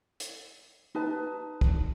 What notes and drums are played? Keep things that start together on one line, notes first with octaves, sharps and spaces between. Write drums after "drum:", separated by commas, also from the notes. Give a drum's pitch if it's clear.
drum: hi-hat
D#4 B4 A5
drum: kick